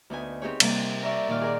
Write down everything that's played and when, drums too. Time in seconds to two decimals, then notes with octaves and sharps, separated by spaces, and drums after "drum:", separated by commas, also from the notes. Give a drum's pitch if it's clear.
0.10 D2 B3 D#4 G#5
0.42 C4 D#4 G4 G#4 C#5
0.60 C3 G3 A#3, drum: cymbal
1.02 A#4 D5 E5 C#6
1.28 A#2 D#3 D5 F5
1.41 G#4 A#4 D5